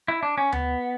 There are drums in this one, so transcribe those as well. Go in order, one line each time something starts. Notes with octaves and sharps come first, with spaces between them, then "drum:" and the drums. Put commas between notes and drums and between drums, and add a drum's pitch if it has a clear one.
E4
D4
C#4
B3, drum: tom D2